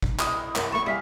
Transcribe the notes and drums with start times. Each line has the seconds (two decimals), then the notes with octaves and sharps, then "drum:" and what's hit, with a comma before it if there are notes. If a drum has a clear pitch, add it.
0.03 drum: kick
0.19 E4 D#5 D#6, drum: clap
0.56 C2 A#4 C#5, drum: clap
0.72 A3 A5 B5 C#6
0.87 G3 D5 E5 F5 G#5